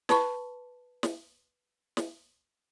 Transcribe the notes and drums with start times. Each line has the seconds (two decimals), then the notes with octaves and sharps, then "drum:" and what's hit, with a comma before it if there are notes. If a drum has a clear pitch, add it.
0.09 B4 A5 B5 C#6, drum: snare
1.03 drum: snare
1.97 drum: snare